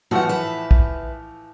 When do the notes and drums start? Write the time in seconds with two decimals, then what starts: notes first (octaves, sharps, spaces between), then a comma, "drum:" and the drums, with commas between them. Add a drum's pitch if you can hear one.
0.11 A2 E3 F3 F#4 F#5
0.29 B4 E5
0.71 drum: kick